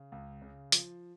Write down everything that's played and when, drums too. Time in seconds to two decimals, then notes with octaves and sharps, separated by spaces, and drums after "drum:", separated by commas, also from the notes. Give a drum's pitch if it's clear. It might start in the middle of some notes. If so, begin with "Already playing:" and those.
Already playing: C#3
0.12 C#2
0.42 C#3
0.72 F3, drum: hi-hat